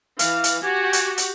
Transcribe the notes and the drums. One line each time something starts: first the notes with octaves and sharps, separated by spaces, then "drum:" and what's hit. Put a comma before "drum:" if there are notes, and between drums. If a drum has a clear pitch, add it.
E3 F5, drum: hi-hat
drum: hi-hat
F#4 G4 G#5
drum: hi-hat
drum: hi-hat